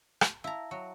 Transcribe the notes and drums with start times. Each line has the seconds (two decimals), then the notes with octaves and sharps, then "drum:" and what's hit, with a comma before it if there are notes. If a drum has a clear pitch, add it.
0.21 drum: rim click
0.44 E4 F5 A5 A#5
0.71 F#3